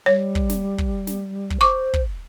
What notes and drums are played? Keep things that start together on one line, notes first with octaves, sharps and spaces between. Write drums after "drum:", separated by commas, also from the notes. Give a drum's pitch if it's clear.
G3 C#5
drum: kick
drum: snare
drum: kick
drum: snare
drum: kick
C5 C#6 D6
drum: kick